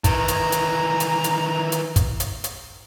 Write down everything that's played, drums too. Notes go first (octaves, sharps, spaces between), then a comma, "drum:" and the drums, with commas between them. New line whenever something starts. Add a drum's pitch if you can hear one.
D#3 E3 A#5, drum: kick, hi-hat
drum: hi-hat
drum: hi-hat
drum: hi-hat
drum: hi-hat
drum: hi-hat
drum: kick, hi-hat
drum: hi-hat
drum: hi-hat